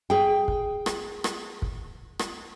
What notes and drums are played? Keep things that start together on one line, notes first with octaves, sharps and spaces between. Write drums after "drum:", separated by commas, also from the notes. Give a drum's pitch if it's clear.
G#4 G5
drum: kick
drum: rim click
drum: rim click
drum: kick
drum: rim click